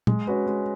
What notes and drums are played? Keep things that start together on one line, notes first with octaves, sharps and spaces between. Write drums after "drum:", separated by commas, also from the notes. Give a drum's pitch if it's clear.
G#3, drum: tom A#2
C#4 F#4 B4
G#3